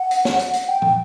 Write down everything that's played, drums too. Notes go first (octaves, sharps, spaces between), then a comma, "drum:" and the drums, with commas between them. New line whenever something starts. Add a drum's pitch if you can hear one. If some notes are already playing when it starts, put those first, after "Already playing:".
Already playing: F#5
drum: hi-hat
drum: snare
drum: hi-hat
drum: hi-hat
G5
drum: tom